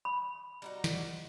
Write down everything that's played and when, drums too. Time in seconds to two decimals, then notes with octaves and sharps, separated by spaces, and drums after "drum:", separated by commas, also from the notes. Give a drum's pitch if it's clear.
0.05 B5
0.62 G3 D#4 F#4
0.84 drum: snare